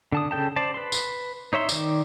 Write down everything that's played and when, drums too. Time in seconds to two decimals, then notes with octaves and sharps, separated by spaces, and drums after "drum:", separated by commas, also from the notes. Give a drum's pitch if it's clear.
0.12 D3 A5 D#6
0.31 C#3 A4 G5 A5
0.56 C5 D5 A5
0.74 B4 C6
0.92 drum: tambourine
1.53 D#4 C#5 E5 C6
1.69 D#3 D5, drum: tambourine